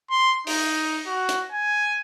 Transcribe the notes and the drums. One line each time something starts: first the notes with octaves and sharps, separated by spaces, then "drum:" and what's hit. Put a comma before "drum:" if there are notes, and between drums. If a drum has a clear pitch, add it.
C6
D#4, drum: open hi-hat
F#4
drum: hi-hat
G#5